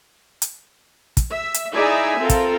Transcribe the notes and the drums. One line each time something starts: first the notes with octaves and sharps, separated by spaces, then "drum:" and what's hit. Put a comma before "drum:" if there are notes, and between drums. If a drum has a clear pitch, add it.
drum: hi-hat
drum: kick, hi-hat
E5
drum: hi-hat
D#4 E4 G#4 D5 E5 G#5
C4 F4 A4 A#4
drum: kick, hi-hat